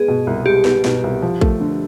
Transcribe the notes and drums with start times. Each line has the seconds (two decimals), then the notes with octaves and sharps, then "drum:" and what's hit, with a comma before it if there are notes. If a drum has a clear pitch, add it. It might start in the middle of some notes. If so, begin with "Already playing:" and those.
Already playing: G#3 B3 G#4
0.08 B2
0.27 C2
0.46 G#3 G4
0.65 B3, drum: snare
0.85 B2, drum: snare
1.04 C2
1.22 F3
1.41 A3, drum: kick
1.60 D3